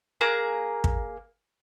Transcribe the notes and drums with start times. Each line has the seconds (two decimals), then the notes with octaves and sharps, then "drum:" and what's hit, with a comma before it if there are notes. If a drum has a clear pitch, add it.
0.21 A#3 G#4 A#5 F#6
0.84 drum: kick